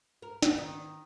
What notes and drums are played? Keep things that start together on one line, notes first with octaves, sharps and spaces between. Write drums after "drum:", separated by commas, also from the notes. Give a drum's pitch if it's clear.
A#4
B3, drum: snare
D#3